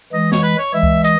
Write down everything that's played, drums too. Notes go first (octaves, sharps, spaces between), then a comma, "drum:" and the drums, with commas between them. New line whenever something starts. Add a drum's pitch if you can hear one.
E3 G#3 D#5
C#5, drum: snare
B4
C#5
E3 G#3 E5
drum: kick C#2
D#5, drum: hi-hat